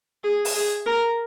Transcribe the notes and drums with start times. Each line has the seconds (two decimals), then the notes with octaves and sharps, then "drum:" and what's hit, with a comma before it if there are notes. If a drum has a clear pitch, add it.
0.24 G#4
0.45 drum: open hi-hat
0.54 G#4
0.86 A#4